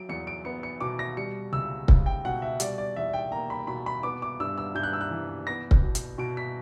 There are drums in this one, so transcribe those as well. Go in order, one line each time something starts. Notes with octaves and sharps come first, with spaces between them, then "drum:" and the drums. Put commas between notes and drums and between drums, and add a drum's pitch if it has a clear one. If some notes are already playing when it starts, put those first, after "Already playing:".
Already playing: F#3 D7
E2 C#7
D7
B3 C#7
C#7
B2 D6
A#6
G3 C#7
C#2 E6
C#2, drum: kick C#1
G5
B2 F#5
E5
G3 D5, drum: hi-hat
D5
E2 E5
G5
A#3 A#5
B5
B2 B5
B5
B3 D6
D6
G2 E6
E6
G2 G6
F#6
E6
F#6
E3
B3 A#6
drum: kick C#1
B2
drum: hi-hat
B2 D7
B6